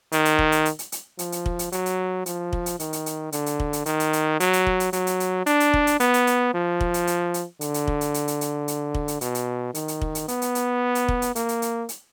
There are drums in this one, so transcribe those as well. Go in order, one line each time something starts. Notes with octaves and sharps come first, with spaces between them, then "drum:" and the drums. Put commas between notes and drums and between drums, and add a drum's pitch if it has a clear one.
D#3, drum: hi-hat
drum: hi-hat
drum: kick
drum: hi-hat
drum: hi-hat
drum: hi-hat
drum: hi-hat
F3, drum: hi-hat
drum: hi-hat
drum: kick
drum: hi-hat
F#3, drum: hi-hat
drum: hi-hat
F3, drum: hi-hat
drum: kick
drum: hi-hat
D#3, drum: hi-hat
drum: hi-hat
drum: hi-hat
D3, drum: hi-hat
drum: hi-hat
drum: kick
drum: hi-hat
D#3, drum: hi-hat
drum: hi-hat
drum: hi-hat
F#3, drum: hi-hat
drum: hi-hat
drum: kick
drum: hi-hat
F#3, drum: hi-hat
drum: hi-hat
drum: hi-hat
D4, drum: hi-hat
drum: hi-hat
drum: kick
drum: hi-hat
B3, drum: hi-hat
drum: hi-hat
drum: hi-hat
F3
drum: kick
drum: hi-hat
drum: hi-hat
drum: hi-hat
D3, drum: hi-hat
drum: hi-hat
drum: kick
drum: hi-hat
drum: hi-hat
drum: hi-hat
drum: hi-hat
drum: hi-hat
drum: kick
drum: hi-hat
B2, drum: hi-hat
drum: hi-hat
D#3, drum: hi-hat
drum: hi-hat
drum: kick
drum: hi-hat
B3, drum: hi-hat
drum: hi-hat
drum: hi-hat
drum: hi-hat
drum: kick
drum: hi-hat
A#3, drum: hi-hat
drum: hi-hat
drum: hi-hat
drum: hi-hat